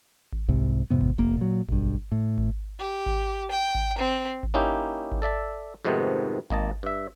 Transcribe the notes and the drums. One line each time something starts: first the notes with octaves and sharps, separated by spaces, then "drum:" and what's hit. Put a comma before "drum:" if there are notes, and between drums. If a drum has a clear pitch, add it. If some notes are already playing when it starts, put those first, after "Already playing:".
drum: kick G#1
C2 G#2 C3
F2 G#2 C3 B3
drum: kick G#1
F1 A#3
A#2 F#3
B1 G2, drum: kick G#1
A2
drum: kick G#1
G4
drum: kick G#1
G5
drum: kick G#1
C4
drum: kick G#1
A#3 C#4 D#4 E4 G4
drum: kick G#1
A4 D5 E5 A5
F2 G#2 C3 D#3 A3 B3
G#1 A#3 D#5 A5, drum: kick G#1
G2 E5